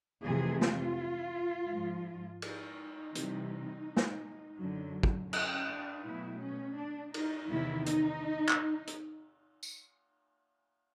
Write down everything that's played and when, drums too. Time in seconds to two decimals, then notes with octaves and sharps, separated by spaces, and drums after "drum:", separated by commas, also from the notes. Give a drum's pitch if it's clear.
0.25 F2 C3 E3 A3 G#4
0.61 F4, drum: snare
1.70 G#2 F3 G#3
2.42 D#4, drum: cymbal
3.15 C3 E3 G3, drum: hi-hat
3.97 drum: snare
4.60 F#2 D3 F#3
5.03 drum: kick
5.33 C#4, drum: cymbal
5.69 D4
6.05 B2 F#3 A3 E4
6.41 C#4
6.78 D4
7.14 D#4, drum: cymbal
7.50 E2 C3 D#3 E4
7.86 D#4, drum: hi-hat
8.49 drum: clap
8.87 drum: hi-hat
9.63 drum: tambourine